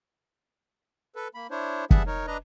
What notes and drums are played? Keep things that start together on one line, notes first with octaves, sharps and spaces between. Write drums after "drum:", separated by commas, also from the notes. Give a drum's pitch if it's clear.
A4 B4
A#3 B5
D4 E4 C5 C#5
G3 B3 G#4 E5 F#5 A5, drum: kick
D#4 A#4 C#5
D4 B4 D#5 A#5